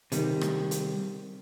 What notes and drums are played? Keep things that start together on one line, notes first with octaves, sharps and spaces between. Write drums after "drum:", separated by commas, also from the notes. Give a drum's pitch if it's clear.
C3 D#3 G3, drum: hi-hat
drum: rim click
drum: hi-hat